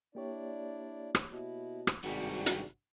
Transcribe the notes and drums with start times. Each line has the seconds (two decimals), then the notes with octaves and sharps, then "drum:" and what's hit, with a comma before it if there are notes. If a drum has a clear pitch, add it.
0.15 A#3 D4 E4 G4 C#5 D5
1.15 drum: rim click
1.33 B2 E4
1.87 drum: rim click
2.04 G#1 G2 C3 G3 F#4 D5
2.46 drum: hi-hat